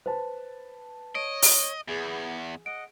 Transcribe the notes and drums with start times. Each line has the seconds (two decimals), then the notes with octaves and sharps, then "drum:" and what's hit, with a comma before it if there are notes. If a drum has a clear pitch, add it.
0.06 B4 C5 A5
1.15 C#5 D#5 D7
1.42 drum: open hi-hat
1.88 E2 B3 G#4
2.66 D#5 F#5 D7